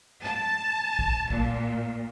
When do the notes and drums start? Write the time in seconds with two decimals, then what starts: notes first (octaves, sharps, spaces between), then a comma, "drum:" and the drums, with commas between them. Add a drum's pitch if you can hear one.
0.23 A5
0.99 drum: kick
1.30 A#2, drum: kick